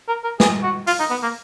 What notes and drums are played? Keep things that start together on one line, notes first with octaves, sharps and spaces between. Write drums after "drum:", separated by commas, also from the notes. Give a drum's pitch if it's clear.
A#4
A#4
G#4, drum: snare
F#4
F4, drum: open hi-hat
D#4
B3
A#3